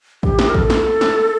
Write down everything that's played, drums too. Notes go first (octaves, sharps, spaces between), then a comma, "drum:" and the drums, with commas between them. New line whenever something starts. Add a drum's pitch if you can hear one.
G4, drum: kick
drum: snare
A#4
A4, drum: kick
drum: snare
drum: snare